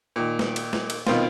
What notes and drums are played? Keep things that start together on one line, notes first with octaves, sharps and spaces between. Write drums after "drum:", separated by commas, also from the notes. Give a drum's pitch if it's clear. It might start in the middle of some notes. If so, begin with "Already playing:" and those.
A#2 D#3
drum: snare
drum: cymbal
drum: snare
drum: cymbal
B2 D#3 C4 F4, drum: snare